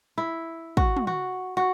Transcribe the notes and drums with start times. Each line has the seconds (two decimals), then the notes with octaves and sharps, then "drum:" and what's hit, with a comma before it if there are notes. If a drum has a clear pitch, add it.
0.18 E4
0.77 F#4, drum: kick
0.97 drum: tom
1.07 F#4
1.57 F#4